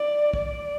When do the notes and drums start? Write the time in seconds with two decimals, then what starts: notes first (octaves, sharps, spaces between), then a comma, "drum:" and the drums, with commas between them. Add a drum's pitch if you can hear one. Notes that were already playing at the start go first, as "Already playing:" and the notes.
Already playing: D5
0.33 D5, drum: kick